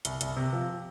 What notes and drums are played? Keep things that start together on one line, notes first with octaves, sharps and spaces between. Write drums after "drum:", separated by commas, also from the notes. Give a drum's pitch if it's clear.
C2, drum: hi-hat
C2, drum: hi-hat
C3
F3